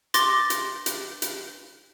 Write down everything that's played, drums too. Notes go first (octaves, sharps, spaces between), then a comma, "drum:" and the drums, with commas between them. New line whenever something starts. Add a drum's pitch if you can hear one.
C6 D6 A6 A#6, drum: hi-hat
drum: hi-hat
drum: hi-hat
drum: hi-hat